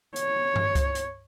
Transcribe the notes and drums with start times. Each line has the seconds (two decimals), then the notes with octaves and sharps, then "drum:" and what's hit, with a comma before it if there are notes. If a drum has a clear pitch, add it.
0.16 C#5, drum: hi-hat
0.56 drum: tom G2
0.75 drum: kick C#2, hi-hat
0.95 drum: hi-hat